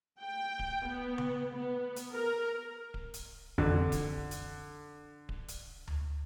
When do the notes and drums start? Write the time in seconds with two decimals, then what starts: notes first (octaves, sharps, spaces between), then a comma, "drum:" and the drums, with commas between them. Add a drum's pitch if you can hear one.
0.20 G5
0.59 drum: kick D1
0.87 B3
1.18 drum: tom C#3
1.54 B3
1.96 drum: hi-hat
2.13 A#4
2.94 drum: kick D1
3.14 drum: hi-hat
3.58 A1 F2 D3
3.92 drum: kick D1, hi-hat
4.31 drum: hi-hat
5.29 drum: kick D1
5.48 drum: hi-hat
5.87 drum: tom D2